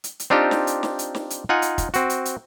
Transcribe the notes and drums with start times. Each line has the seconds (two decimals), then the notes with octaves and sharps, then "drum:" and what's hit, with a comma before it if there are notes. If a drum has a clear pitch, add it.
0.04 drum: hi-hat
0.20 drum: hi-hat
0.30 C4 D4 D#4 F4 G4
0.51 drum: snare
0.67 drum: hi-hat
0.83 drum: snare
0.99 drum: hi-hat
1.15 drum: snare
1.30 drum: hi-hat
1.49 D#4 F4 F#5 G#5
1.62 drum: hi-hat
1.78 drum: kick, hi-hat
1.94 C4 F#4, drum: hi-hat
2.10 drum: hi-hat
2.25 drum: hi-hat